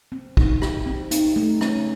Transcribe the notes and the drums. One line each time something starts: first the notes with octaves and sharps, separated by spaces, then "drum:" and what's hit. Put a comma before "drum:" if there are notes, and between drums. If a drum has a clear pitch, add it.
C4
D#4, drum: kick
G4, drum: rim click
C4
D#4, drum: hi-hat
A3
C#4, drum: rim click